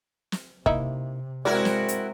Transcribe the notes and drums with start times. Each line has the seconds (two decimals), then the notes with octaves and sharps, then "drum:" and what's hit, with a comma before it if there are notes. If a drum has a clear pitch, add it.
0.32 drum: snare
0.66 C3 A#3 D#4 E4, drum: kick
1.45 G#3 C4 E4 F#4 A#4 D5
1.65 drum: snare
1.88 drum: hi-hat